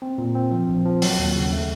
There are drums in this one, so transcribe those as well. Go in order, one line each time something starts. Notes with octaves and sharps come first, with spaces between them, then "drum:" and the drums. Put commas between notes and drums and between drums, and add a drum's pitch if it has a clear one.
C4
A#2
C4
F3
A#1
F3
F#3, drum: open hi-hat
D#2
C#3
A3